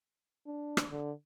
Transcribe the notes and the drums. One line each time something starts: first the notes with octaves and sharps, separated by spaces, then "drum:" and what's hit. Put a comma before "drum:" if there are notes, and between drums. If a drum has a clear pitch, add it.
D4
drum: rim click
D3